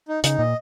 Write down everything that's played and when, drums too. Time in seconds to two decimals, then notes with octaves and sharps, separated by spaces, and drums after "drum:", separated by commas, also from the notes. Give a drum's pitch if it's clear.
0.08 D#4
0.24 C#3 D#4, drum: hi-hat
0.39 A#2 D#5